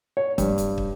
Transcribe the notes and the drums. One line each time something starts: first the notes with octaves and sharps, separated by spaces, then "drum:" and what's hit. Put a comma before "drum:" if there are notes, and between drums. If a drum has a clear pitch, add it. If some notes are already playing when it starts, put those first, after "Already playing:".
C#5
G2, drum: kick, hi-hat
drum: hi-hat
drum: kick